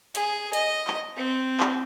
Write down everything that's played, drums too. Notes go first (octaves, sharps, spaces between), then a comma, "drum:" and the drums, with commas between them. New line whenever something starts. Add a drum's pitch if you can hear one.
G#4, drum: hi-hat
D#5, drum: hi-hat
drum: clap
C4
drum: clap